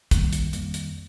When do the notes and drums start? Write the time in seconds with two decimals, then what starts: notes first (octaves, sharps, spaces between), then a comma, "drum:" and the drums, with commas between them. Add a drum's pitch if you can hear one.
0.11 F2 D#3 G3 A#3, drum: kick, hi-hat
0.33 drum: hi-hat
0.53 F2 D#3 G3 A#3, drum: hi-hat
0.74 drum: hi-hat